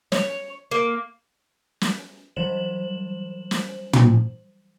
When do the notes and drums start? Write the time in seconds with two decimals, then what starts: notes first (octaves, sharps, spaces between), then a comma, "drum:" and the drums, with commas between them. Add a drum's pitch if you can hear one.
0.12 C#5, drum: snare
0.71 A#3
1.81 drum: snare
2.36 E3 F#3 G3 C5 E7 F#7
3.51 drum: snare
3.93 drum: tom